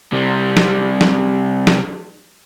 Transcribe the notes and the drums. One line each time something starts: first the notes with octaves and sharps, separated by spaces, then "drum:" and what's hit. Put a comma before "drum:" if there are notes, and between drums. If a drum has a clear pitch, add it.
C3 G3
drum: snare
drum: snare
drum: snare